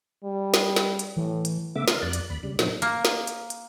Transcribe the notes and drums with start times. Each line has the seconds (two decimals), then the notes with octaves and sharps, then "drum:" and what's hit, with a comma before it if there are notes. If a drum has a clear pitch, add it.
0.24 G3
0.54 drum: snare
0.76 drum: snare
0.99 drum: hi-hat
1.17 A2 E3
1.45 drum: hi-hat
1.76 C#3 A3 B3 E5 D6
1.88 F4 A#4, drum: snare
2.02 F2 D5 F#6
2.13 drum: hi-hat
2.30 D#2 B5
2.43 C#3 G3
2.59 A#2 F3 F#3 C4 D4 D#4, drum: snare
2.82 A#3, drum: hi-hat
3.05 drum: snare
3.27 drum: hi-hat
3.50 drum: hi-hat